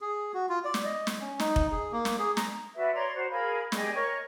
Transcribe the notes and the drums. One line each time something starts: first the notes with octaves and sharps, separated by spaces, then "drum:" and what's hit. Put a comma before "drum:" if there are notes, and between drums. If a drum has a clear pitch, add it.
G#4
F#4
F4
D5
drum: snare
D#5
drum: snare
C#4
D#4, drum: snare
drum: kick F1
G#4
A#3
drum: snare
G#4
A#5, drum: snare
F#4 B4 D5 E5
C#5 D5 A#5 C6
F#4 C5
G#4 A#4 F5 B5
G4 G#4 D5 D#5, drum: snare
A#4 C#5 D#5 C#6